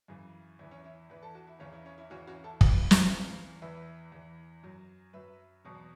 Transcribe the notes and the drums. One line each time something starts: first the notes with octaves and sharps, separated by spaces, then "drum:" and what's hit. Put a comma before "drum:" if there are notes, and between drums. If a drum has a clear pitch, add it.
F#2 C#3 E3
E2 E3 E4
C#4
E4
E2 E3 B4
A4
F#4
E4
E2 C#3 E3 C#4
E4
C#4
E4
E2 C#3 E3 C#4 F#4
C#4 F#4
E4 A4
E2 C#3 E3 F#4 B4, drum: kick
drum: snare
E2 C#3 E3
E2 E3 B4 E5
E2 E3
F#2 F#3
F#2 F#3 B4 E5
E2 B2 F#3